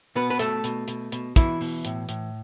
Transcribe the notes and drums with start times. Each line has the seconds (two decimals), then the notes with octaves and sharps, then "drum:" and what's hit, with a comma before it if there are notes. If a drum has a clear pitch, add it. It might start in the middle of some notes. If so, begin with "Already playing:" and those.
0.15 B2 B3 B4
0.30 B4
0.39 B2 A3 A4, drum: hi-hat
0.64 B2, drum: hi-hat
0.88 B2, drum: hi-hat
1.12 B2, drum: hi-hat
1.36 B2 E3 E4, drum: kick, hi-hat
1.61 B2, drum: open hi-hat
1.85 A2, drum: hi-hat
2.09 A2, drum: hi-hat